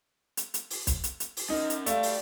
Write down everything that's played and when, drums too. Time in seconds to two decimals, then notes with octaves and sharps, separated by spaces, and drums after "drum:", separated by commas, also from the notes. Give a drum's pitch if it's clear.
0.37 drum: hi-hat
0.54 drum: hi-hat
0.70 drum: open hi-hat
0.87 drum: kick B1, hi-hat
1.04 drum: hi-hat
1.20 drum: hi-hat
1.37 drum: open hi-hat
1.50 C#4 D#4 A#4
1.70 drum: hi-hat
1.86 A3 G4 D5 F5, drum: hi-hat
2.03 drum: open hi-hat